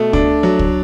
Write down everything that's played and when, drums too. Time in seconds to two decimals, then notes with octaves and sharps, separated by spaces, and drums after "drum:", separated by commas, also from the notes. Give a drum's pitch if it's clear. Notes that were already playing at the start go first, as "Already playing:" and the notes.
Already playing: B2 A3
0.13 D4, drum: kick C#2
0.43 F#3
0.59 drum: kick C#2